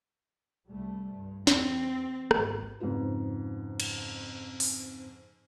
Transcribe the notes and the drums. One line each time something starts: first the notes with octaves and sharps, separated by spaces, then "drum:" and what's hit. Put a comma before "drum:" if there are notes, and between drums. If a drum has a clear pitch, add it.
C2 G3 A3
G2
E2 C4, drum: snare
G#1 D2, drum: rim click
F2 G#2 C#3 F4 B4
drum: cymbal
drum: open hi-hat